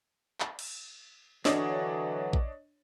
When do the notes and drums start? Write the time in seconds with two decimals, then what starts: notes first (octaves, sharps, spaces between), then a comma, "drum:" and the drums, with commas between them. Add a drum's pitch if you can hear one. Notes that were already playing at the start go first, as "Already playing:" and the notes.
0.40 drum: clap
0.59 drum: cymbal
1.45 D3 E3 F#3 D4 C#5 D#5, drum: snare
2.33 drum: kick A#1